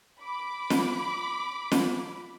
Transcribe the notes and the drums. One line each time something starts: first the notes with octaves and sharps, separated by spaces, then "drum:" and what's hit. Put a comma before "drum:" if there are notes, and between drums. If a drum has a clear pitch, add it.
B5 D6
drum: snare
drum: snare